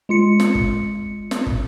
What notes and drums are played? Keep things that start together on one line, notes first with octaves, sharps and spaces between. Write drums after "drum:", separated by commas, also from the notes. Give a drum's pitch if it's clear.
G#3 F4 C#7
drum: snare
drum: kick
drum: snare
drum: kick